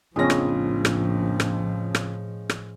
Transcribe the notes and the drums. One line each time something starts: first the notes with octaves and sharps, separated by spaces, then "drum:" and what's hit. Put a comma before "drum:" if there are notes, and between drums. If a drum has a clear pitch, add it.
A#1 F2 A2 C#3 F3 G#3 C#4 A#6
drum: rim click
drum: rim click
drum: rim click
drum: rim click
drum: rim click